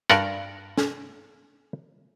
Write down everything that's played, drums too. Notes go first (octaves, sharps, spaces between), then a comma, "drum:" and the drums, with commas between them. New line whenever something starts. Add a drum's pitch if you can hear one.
G2 A#4 D5 F#5, drum: rim click
drum: snare